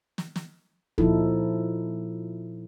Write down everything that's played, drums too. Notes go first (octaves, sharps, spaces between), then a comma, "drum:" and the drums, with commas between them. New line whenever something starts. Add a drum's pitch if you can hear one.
drum: snare
drum: snare
A#2 F3 D#4 E4 A4, drum: kick